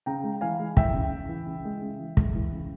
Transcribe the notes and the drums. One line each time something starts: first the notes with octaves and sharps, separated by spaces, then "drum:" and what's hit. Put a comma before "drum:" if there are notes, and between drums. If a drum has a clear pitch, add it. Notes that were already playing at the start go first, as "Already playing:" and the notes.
C#3 G5 A#5
G#3
E3 F5 G#5
G#3
E3 E5 G5, drum: kick
C#3
C#3
E3
C#3
G#3
C#3
E3
G#3, drum: kick
E3
C#3